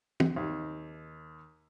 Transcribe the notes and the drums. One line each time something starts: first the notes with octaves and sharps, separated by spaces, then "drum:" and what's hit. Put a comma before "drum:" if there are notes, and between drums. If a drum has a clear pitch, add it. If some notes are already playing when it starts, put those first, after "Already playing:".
drum: tom
D#2